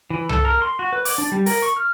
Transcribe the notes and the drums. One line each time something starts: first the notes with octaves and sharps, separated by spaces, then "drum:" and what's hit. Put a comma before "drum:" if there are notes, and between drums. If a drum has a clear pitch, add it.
E3
A4, drum: tom C2
A#4
C6
F#4
B4
D6, drum: open hi-hat
D4
G3
A#4, drum: open hi-hat
C#6
F6